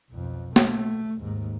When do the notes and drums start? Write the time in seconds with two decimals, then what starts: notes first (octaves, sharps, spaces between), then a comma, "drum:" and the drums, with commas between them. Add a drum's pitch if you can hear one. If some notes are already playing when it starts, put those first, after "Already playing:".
0.11 B1 F2
0.56 A3, drum: snare A#3
1.20 D#2 G#2